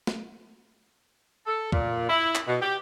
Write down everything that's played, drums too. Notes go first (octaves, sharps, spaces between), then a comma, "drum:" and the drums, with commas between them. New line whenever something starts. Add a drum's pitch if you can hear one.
drum: snare
A4
A#2, drum: kick
E4
drum: clap
B2
G4